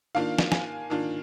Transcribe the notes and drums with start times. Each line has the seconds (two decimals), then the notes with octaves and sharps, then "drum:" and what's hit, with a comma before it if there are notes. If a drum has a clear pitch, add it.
0.15 D#3 A#3 D4 F4 F5
0.39 drum: snare
0.52 G#5, drum: snare
0.90 D#3 A#3 D4 F4